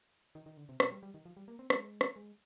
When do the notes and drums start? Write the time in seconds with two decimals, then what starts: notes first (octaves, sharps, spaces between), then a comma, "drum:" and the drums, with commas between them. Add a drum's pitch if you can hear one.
0.35 D#3
0.46 D#3
0.57 D3
0.69 C3
0.80 A#2, drum: rim click
0.91 G3
1.03 G3
1.14 D#3
1.25 F3
1.37 G3
1.48 A#3
1.59 C4
1.70 G#3, drum: rim click
2.01 drum: rim click
2.16 G#3